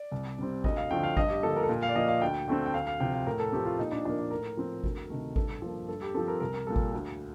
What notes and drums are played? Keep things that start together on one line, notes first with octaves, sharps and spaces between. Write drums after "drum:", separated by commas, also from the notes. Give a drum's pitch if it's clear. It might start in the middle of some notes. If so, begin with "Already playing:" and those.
Already playing: D5
C2
C3 G3 C4
D2 D#5, drum: kick G#1
F5
D3 F3 A3 C4 G5
F5
G2 D#5, drum: kick G#1
G4
D3 F3 A#3 A4
A#4
A4
A#2 A#4
F5
D5
F3 A#3 D#5
F5
D2 G5
D3 A3 C4
G5
D2 F5
F5
C3 F3 G5
F5
A2 A#4
A4
F3 A3 C4 G4
F4
A#2 D#4
D4
F3 A#3 D4
D#4
A2 A#4
F3 C4
D2, drum: kick G#1
C3 D#3 A3
G2 A4, drum: kick G#1
F3 A#3
G2 A4
G4
F3 C4 A4
A#4
C2 A#4
A#4
A#2 G3 A4
drum: kick G#1
D2